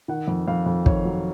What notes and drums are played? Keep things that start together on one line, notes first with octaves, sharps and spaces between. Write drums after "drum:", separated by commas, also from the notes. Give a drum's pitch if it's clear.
D#3 F#5
F2
F2 F5
F2
D#3 C#5, drum: kick
F#3